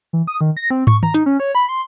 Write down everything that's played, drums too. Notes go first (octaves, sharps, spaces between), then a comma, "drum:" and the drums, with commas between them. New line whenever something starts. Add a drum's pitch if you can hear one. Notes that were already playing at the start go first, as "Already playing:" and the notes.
E3
D#6
D#3
A#6
C4
C#6, drum: tom
A#5, drum: tom
D#4, drum: hi-hat
C#4
C#5
B5
C6